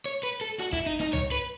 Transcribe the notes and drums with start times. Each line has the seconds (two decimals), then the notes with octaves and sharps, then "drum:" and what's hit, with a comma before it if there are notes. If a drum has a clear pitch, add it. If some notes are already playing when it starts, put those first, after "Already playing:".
0.06 C#5
0.23 B4
0.41 A4
0.59 F#4, drum: hi-hat
0.72 E4, drum: kick, hi-hat
0.86 D#4
1.00 D#4, drum: hi-hat
1.13 C#5, drum: tom C#2
1.32 B4